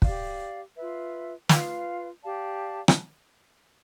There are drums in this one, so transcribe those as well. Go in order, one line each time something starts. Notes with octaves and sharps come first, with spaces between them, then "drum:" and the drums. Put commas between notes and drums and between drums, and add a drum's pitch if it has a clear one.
G4 D5 F5, drum: kick
F4 B4 E5
F4 B4 F5, drum: snare
G4 D5 F5 A5
drum: rim click